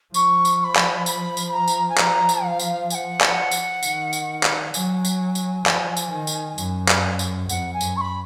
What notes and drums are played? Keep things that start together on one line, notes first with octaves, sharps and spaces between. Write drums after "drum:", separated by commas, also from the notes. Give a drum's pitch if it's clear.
F3 C#6, drum: tambourine
drum: tambourine
C#6
B5
drum: clap
B5, drum: tambourine
drum: tambourine
A#5
drum: tambourine
G#5
A#5, drum: clap
drum: tambourine
F5
drum: tambourine
G#5, drum: tambourine
F#5
drum: clap
drum: tambourine
D#3, drum: tambourine
drum: tambourine
drum: clap
F#3 G#5, drum: tambourine
drum: tambourine
drum: tambourine
F3, drum: clap
drum: tambourine
D#3
drum: tambourine
F#2, drum: tambourine
drum: clap
drum: tambourine
F2 F#5, drum: tambourine
G#5
F#2, drum: tambourine
C#6
B5